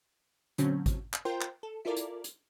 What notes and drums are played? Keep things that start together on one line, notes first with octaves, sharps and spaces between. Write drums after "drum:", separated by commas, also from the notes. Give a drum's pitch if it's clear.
A#2 D3 F#3 C4 C#4, drum: hi-hat
drum: kick, hi-hat
drum: clap
F4 A#4 C5 G5 C6
drum: clap
A4
E4 F4 A4 A#4 D5
drum: hi-hat
drum: hi-hat